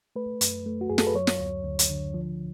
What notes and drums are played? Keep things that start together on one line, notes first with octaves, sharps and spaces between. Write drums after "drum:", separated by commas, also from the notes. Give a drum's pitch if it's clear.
A3 B4
F#2, drum: hi-hat
A3
F#4
F#2 G#4
A4, drum: snare
B4
F#3 C#5
drum: snare
D2
D2
drum: hi-hat
D3
F3